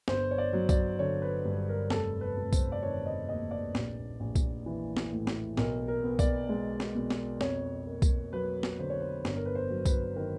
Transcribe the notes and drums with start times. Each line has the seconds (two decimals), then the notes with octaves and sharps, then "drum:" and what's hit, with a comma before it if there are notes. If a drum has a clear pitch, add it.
0.08 G1 C5, drum: snare
0.31 C#5
0.38 D5
0.53 F#3
0.69 D5, drum: kick, tambourine
0.99 D3 C#5
1.22 B4
1.45 G2
1.69 A#4
1.90 F1 A4, drum: snare
2.21 B4
2.37 F1
2.53 C5, drum: kick, tambourine
2.72 D5
2.83 D#3 C#5
3.06 D#5
3.29 D#2 D#5
3.51 D5
3.75 A#1, drum: snare
4.20 A#1
4.35 drum: kick, tambourine
4.66 E3
4.97 drum: snare
5.12 A2
5.27 drum: snare
5.57 B1 A#4, drum: snare
5.88 A#4
6.04 B3
6.19 D5, drum: kick, tambourine
6.49 G#3
6.80 drum: snare
6.95 B2
7.10 drum: snare
7.41 F2 C#5, drum: snare
7.87 A#3
8.02 drum: kick, tambourine
8.33 F#3 B4
8.63 drum: snare
8.79 D3 C5
8.90 C#5
9.00 C5
9.25 G1 C#5, drum: snare
9.36 A#4
9.46 B4
9.55 C5
9.70 F#3
9.86 B4, drum: kick, tambourine
10.16 D#3 A#4